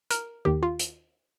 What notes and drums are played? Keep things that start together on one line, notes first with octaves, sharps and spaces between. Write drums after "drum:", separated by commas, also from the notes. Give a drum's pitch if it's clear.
A#4, drum: hi-hat
D#2 D#3 G4
F4
drum: hi-hat